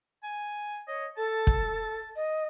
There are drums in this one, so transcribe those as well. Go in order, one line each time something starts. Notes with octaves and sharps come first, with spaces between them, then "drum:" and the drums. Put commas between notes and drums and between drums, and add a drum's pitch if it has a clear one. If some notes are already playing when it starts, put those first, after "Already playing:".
G#5
C#5 D#5
A4 A5
drum: kick
D#5